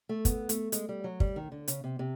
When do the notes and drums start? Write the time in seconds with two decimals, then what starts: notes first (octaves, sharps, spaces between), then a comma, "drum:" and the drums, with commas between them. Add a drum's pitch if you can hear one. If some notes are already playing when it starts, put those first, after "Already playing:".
0.09 A3
0.25 B3, drum: kick, hi-hat
0.49 A3, drum: hi-hat
0.72 G#3, drum: hi-hat
0.89 G3
1.04 F#3
1.20 G3, drum: kick
1.36 D#3
1.52 D3
1.68 C#3, drum: hi-hat
1.84 C3
1.99 C3